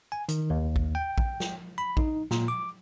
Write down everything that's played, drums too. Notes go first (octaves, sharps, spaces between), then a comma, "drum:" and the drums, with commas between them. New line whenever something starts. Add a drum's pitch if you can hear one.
G#5
D#3, drum: hi-hat
D#2
drum: kick
G5
drum: kick
drum: snare
B5
D#4, drum: kick
A#2, drum: snare
D6